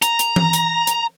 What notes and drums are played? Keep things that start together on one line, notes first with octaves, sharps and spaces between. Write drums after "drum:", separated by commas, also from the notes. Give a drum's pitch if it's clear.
A#5, drum: hi-hat
drum: hi-hat
drum: tom E3
drum: hi-hat
drum: hi-hat